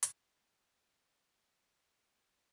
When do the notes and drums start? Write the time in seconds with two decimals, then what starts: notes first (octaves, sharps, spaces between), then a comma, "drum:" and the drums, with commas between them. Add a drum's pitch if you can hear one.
0.03 drum: hi-hat
0.18 E2 G#2